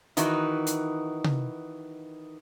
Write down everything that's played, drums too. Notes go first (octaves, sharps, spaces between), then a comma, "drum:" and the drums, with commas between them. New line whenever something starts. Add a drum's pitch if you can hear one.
D#3 E3 D#4 F#4, drum: hi-hat
drum: hi-hat
drum: tom C3